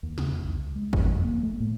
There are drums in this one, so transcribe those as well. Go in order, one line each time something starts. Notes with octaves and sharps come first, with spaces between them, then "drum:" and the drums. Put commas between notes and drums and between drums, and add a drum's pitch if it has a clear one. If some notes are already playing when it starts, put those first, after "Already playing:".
D#2
C#3, drum: snare
E2
B1
C#2
G#3
F#1, drum: kick
F2
A#3
A3
A2